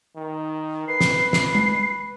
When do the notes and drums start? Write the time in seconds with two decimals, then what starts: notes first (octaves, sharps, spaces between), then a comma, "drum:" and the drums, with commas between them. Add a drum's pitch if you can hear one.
0.16 D#3
0.88 B4 C7
1.01 drum: snare
1.33 drum: snare
1.55 drum: tom G#3